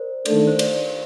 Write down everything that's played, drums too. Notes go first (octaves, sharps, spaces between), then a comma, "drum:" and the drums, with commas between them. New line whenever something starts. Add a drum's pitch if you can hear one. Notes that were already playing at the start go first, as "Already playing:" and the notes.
Already playing: A#4 C5 D5
D#3 A3 D4 A4 D5, drum: cymbal
C5
D5, drum: cymbal